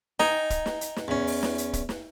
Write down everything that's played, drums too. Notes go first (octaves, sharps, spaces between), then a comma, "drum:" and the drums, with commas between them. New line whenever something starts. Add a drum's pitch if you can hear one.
D#4 G5 G#5 A#5, drum: snare
drum: kick, hi-hat
drum: snare
drum: hi-hat
drum: snare
E2 C#4
drum: open hi-hat
drum: snare
drum: hi-hat
drum: kick, hi-hat
drum: snare